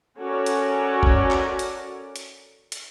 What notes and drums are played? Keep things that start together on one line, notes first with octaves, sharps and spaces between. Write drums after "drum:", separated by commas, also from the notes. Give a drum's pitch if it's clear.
C#4 F#4 A4 A#4 C#5 D5
drum: hi-hat
drum: kick
drum: clap
drum: hi-hat
drum: hi-hat
drum: hi-hat